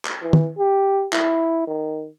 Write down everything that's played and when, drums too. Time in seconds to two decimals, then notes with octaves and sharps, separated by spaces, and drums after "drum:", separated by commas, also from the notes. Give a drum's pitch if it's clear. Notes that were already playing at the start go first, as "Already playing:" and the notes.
0.05 drum: clap
0.22 E3
0.33 drum: tom
0.58 G4
1.13 E4, drum: clap
1.67 D#3